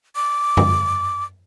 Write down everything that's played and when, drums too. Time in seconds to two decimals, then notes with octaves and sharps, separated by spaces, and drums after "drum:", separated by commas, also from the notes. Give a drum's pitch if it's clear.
0.16 D6
0.57 drum: tom F#2